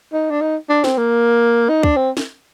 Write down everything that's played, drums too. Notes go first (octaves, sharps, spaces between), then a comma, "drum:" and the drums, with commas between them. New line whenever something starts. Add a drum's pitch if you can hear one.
D#4
D4
D#4
D4
C4, drum: snare
A#3
D#4
D4, drum: kick
C4
drum: snare